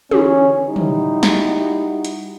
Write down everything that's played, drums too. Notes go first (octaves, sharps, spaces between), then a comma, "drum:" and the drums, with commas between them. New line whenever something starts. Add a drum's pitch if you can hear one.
D3 E3 C#4, drum: tom
G3 D#4 E4 F#4 G4
drum: tom
drum: snare
drum: hi-hat